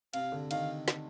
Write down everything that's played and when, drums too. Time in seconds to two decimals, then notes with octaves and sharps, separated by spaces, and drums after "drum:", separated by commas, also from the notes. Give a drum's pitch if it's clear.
0.13 C3 F5, drum: cymbal
0.32 D3
0.51 D#3 F5, drum: cymbal
0.88 drum: snare